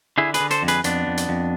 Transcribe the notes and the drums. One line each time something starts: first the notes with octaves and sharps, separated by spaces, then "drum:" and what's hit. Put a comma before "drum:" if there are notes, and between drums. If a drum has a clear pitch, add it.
D3 E4 G#4
G#4 B4, drum: hi-hat
D3
A4 C5, drum: hi-hat
F2
G#4 B4, drum: hi-hat
F2 B3 D4, drum: hi-hat
F2
drum: hi-hat
F2